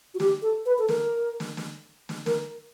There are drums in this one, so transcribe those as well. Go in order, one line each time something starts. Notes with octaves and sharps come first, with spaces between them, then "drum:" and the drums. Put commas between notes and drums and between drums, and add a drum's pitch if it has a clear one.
F#4
G4, drum: snare
A4
B4
A4
A#4, drum: snare
drum: snare
drum: snare
drum: snare
A#4, drum: snare